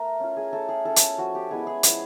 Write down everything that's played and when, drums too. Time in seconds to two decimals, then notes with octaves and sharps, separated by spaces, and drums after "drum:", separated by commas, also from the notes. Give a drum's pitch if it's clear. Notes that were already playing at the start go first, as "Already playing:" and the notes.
Already playing: A3 A#4
0.20 C#4 F4
0.37 G#4
0.53 A3 A4
0.69 G#4
0.85 C#4 F4 A4
0.96 drum: hi-hat
1.18 F3 F#4
1.35 G4
1.51 G#3 B3 E4 G#4
1.67 G#4
1.83 F3 G#4, drum: hi-hat